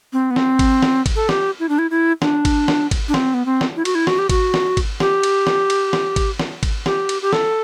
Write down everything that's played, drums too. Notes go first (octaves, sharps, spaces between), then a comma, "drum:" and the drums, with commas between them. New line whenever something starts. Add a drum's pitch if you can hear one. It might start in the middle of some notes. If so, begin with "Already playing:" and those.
C4
B3
C4, drum: snare
drum: kick G#1, cymbal
drum: snare
drum: kick G#1, cymbal
A4
G4, drum: snare
E4
D4
E4
E4
D4, drum: snare
drum: kick G#1, cymbal
drum: snare
drum: kick G#1, cymbal
D4
C4, drum: snare
B3
C4
drum: snare
E4
F#4, drum: cymbal
E4
F#4, drum: snare
G4
F#4, drum: kick G#1, cymbal
drum: snare
drum: kick G#1, cymbal
G4, drum: snare
drum: cymbal
drum: snare
drum: cymbal
drum: snare
drum: kick G#1, cymbal
drum: snare
drum: kick G#1, cymbal
G4, drum: snare
drum: cymbal
G4
A4, drum: snare